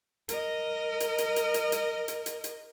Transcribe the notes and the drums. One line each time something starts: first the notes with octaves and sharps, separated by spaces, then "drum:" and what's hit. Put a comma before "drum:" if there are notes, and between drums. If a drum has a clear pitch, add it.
A#4 D#5, drum: hi-hat
drum: hi-hat
drum: hi-hat
drum: hi-hat
drum: hi-hat
drum: hi-hat
drum: hi-hat
drum: hi-hat
drum: hi-hat